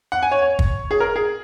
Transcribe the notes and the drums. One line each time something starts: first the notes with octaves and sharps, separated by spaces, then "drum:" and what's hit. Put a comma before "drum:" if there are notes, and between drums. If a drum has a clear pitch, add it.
F#5
G#5
C#5
C#5
drum: kick
G#4
A#4
G#4